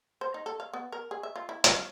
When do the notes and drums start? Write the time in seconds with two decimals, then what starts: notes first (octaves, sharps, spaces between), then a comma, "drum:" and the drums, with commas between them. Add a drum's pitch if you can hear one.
0.21 C5
0.34 D#4
0.46 A4
0.60 F5
0.74 B3
0.92 A#4
1.11 G#4
1.23 E5
1.36 F4
1.49 E4
1.64 F4, drum: hi-hat
1.76 C#4